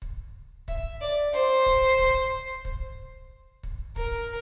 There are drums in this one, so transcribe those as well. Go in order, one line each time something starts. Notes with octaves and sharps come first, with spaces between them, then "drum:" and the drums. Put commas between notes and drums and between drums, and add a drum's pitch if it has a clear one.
drum: kick
E5, drum: kick
D5
C5
drum: kick
drum: kick
drum: kick
drum: kick
A#4, drum: kick